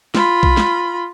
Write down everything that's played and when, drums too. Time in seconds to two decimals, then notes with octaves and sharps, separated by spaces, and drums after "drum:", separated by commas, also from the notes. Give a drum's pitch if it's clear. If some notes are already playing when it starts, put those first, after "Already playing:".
0.15 F4 B5, drum: snare
0.43 drum: kick B1
0.57 drum: snare